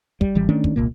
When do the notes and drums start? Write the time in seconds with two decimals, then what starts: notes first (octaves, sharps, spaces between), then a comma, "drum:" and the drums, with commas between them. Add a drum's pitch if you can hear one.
0.21 G3, drum: kick
0.35 G#1 E3 G3
0.49 D#3 A3 C#4 D4
0.64 drum: kick
0.76 D#1 C2 A#2 A#3